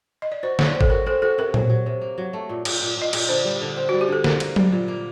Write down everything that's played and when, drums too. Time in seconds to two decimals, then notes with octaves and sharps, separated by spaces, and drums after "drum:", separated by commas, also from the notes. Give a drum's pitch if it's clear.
0.22 D#5
0.32 D5
0.43 F#4 C5
0.59 F#3, drum: snare
0.67 D5
0.75 C4
0.81 A4, drum: kick G#1
0.90 F#4 A#4
1.06 C4 A4
1.22 F#4 A4
1.38 C3 A#4
1.54 F#3, drum: tom A#2
1.70 F#3
1.86 C3
2.01 A#3
2.18 F#3
2.33 A3
2.49 A#2
2.65 A#2, drum: cymbal
2.82 A#2
2.97 A#2 D#5
3.13 A#2 D5, drum: cymbal
3.29 D3 C5
3.45 G3
3.61 D3
3.77 C4
3.89 G3 F#4
4.01 G4
4.08 D3 A4
4.24 A#3 A#4, drum: snare
4.40 A#3, drum: cymbal
4.56 G3, drum: tom F#3
4.72 A#2
4.88 A#3